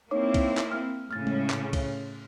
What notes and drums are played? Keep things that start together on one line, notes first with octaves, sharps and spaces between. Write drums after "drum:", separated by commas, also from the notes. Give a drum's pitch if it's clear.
A#3 C4 D#4 E4 C#5 D6
drum: kick C2, cymbal
drum: clap
F6
A2 C#3 C#4 F6 A6
drum: tom G#3
drum: clap
drum: kick C2, cymbal